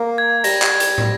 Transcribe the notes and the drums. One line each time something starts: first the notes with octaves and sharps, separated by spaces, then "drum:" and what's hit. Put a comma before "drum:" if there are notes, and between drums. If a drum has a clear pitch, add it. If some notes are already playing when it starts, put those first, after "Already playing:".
Already playing: A#3
G#6
G3 A#6, drum: hi-hat
drum: clap
drum: hi-hat
drum: tom